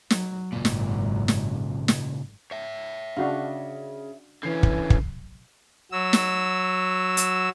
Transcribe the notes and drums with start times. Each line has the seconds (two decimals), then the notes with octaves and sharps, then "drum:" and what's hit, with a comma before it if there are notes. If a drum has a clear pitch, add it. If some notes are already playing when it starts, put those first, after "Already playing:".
0.10 F#3, drum: snare
0.52 G#1 C#2 F#2 A#2
0.65 drum: snare
1.28 drum: snare
1.88 drum: snare
2.51 C#5 E5
3.17 C#3 D4 F#4 F5
4.43 D3 E3 C#4 C7
4.63 drum: kick
4.90 drum: kick
5.92 F#3 E6
6.13 drum: snare
7.17 drum: hi-hat